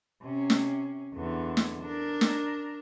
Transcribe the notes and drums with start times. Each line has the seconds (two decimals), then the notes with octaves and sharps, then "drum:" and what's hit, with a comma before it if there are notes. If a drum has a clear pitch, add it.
0.23 C3 C#4
0.50 drum: snare
1.14 E2 D3
1.57 drum: snare
1.82 D4 A#4
2.21 drum: snare